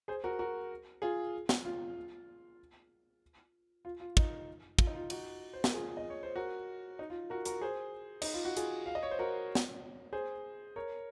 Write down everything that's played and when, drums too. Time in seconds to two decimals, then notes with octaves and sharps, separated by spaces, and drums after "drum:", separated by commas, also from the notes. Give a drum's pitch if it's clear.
0.08 G#4 C5
0.24 F#4 A#4
0.39 F#4 A#4
1.02 F4 G#4
1.49 drum: snare
1.65 F4
3.85 F4
4.00 F4
4.17 D#4, drum: kick
4.79 F4, drum: kick
4.87 D#4
4.95 F4
5.10 D#4 F#4, drum: cymbal
5.53 C5
5.64 A#4, drum: snare
5.73 F4 G#4
5.97 D#5
6.10 C#5
6.23 C5
6.36 F#4 A#4
6.99 D#4
7.10 F4
7.30 F#4 A#4
7.45 F#4 A#4, drum: hi-hat
7.61 G#4 C5
8.22 D#4, drum: cymbal
8.34 F4
8.45 F#4
8.57 F4 G#4, drum: hi-hat
8.86 F5
8.95 D#5
9.03 C#5
9.11 C5
9.19 F#4 A#4
9.55 drum: snare
10.13 G#4 C5
10.76 A#4 C#5